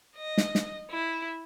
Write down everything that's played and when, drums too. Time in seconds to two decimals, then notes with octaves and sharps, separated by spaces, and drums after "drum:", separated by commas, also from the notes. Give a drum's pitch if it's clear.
0.15 D#5
0.37 drum: snare
0.55 drum: snare
0.90 E4